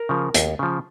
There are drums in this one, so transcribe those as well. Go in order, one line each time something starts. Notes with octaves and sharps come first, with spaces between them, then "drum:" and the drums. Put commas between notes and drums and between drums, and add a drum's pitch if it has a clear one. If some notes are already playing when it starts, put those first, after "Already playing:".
Already playing: A#4
C#3 F3
D#2, drum: hi-hat
C#3 F3